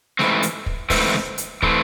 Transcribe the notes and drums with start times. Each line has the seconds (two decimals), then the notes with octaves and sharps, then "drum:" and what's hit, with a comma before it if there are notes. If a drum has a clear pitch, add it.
0.19 G#2 E3 A3 C4, drum: snare
0.43 drum: hi-hat
0.66 drum: kick
0.90 G#2 E3 A3 C4, drum: kick, open hi-hat
1.14 drum: snare
1.38 drum: hi-hat
1.62 E3 A3 C4, drum: kick